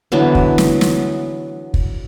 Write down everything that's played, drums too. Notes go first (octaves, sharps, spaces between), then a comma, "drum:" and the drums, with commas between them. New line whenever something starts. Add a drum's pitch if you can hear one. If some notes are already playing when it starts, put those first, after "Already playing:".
D3 E3 F#3 B3
drum: kick
drum: snare
drum: snare
drum: kick